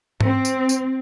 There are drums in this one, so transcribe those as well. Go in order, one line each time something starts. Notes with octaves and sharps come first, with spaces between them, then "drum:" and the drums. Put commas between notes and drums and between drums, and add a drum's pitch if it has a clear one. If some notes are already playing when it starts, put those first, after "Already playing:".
C4, drum: tom G#2
drum: tambourine
drum: tambourine